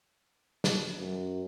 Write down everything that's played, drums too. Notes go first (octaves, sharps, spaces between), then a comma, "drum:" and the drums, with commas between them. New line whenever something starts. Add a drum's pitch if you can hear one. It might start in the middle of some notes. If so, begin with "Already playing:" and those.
drum: snare
F#2